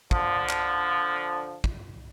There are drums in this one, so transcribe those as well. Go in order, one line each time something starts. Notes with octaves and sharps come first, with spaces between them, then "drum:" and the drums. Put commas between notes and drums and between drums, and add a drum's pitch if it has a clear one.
D3 F3, drum: kick
drum: clap
drum: kick